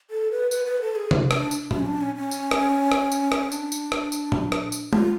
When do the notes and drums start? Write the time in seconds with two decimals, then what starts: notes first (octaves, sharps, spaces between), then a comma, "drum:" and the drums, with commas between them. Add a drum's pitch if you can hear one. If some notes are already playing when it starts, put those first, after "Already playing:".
0.10 A4
0.31 B4
0.51 B4, drum: tambourine
0.65 B4
0.81 A4
0.96 G#4
1.11 drum: tom C3
1.31 D4, drum: rim click
1.51 drum: tambourine
1.71 D4, drum: tom A#2
1.79 C#4
1.86 D4
2.01 C#4
2.16 C#4
2.31 drum: tambourine
2.51 drum: rim click
2.92 drum: rim click
3.12 drum: tambourine
3.32 drum: rim click
3.52 D4, drum: tambourine
3.72 drum: tambourine
3.92 drum: rim click
4.12 drum: tambourine
4.32 drum: tom A#2
4.52 drum: rim click
4.72 drum: tambourine
4.93 F4, drum: tom G#3